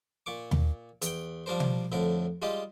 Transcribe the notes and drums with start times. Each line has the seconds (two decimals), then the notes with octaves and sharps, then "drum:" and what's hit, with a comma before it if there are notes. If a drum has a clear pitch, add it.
0.26 A#2 C#6 D6
0.51 drum: tom D#2
1.02 E2 G5, drum: hi-hat
1.46 F3 G3 D4 A#4 C5
1.60 drum: tom B2
1.92 F2 A2 D3 A#4
2.42 G3 G#3 F4 G4 D#5